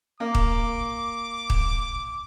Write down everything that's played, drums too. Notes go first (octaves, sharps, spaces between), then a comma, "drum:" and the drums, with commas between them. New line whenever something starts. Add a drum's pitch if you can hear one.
A#3 D6
drum: kick
drum: kick